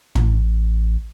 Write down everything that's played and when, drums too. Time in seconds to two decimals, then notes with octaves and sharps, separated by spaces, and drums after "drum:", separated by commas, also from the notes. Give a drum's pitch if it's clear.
0.15 A1, drum: tom